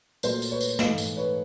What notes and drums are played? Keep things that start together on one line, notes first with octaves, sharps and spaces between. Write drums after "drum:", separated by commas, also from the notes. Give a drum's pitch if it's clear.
A#2 F#3 A3 A#4 C5, drum: tambourine
drum: tambourine
B4 C#5
drum: tambourine
G#2 E3 A3 D#5 F5, drum: snare
drum: tambourine
B4 C#5